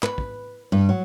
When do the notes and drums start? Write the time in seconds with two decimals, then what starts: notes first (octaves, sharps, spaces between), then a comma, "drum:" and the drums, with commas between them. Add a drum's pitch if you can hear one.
0.03 B4, drum: clap
0.18 drum: kick
0.72 G2
0.89 F#3